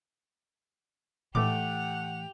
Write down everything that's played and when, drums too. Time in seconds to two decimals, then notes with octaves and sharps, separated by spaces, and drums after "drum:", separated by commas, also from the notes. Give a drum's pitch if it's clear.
1.35 A2 E3 A3 G4 F#5 D6 F7, drum: tom A2